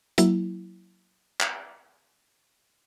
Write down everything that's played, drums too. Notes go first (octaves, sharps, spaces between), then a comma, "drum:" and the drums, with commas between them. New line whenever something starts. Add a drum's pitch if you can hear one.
F#3 A#3 E4, drum: hi-hat
drum: clap